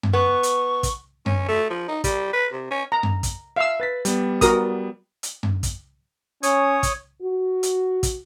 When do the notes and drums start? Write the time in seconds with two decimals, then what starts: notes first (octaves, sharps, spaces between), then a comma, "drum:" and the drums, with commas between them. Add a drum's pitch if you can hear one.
0.03 drum: tom F#2
0.13 B3 C#6
0.43 drum: hi-hat
0.83 drum: kick, hi-hat
1.26 C#4, drum: tom F#2
1.48 A3
1.70 F3
1.88 D#4
2.04 G3, drum: kick, hi-hat
2.33 B4
2.52 C3
2.71 C#4
2.92 A#5
3.03 drum: tom F#2
3.23 drum: kick, hi-hat
3.56 E5 F5 E6
3.80 B4 A6 B6
4.05 G3 B3, drum: hi-hat
4.41 F#4 A#4 D#6, drum: kick, hi-hat
5.23 drum: hi-hat
5.43 drum: tom F#2
5.63 drum: kick, hi-hat
6.43 C#4 C#5 D#6, drum: hi-hat
6.83 drum: kick, hi-hat
7.23 F#4
7.63 drum: hi-hat
8.03 drum: kick, hi-hat